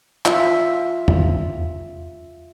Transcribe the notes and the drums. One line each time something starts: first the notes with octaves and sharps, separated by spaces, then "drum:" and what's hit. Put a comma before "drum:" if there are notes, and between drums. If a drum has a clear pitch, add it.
F4 E5, drum: clap
drum: tom E2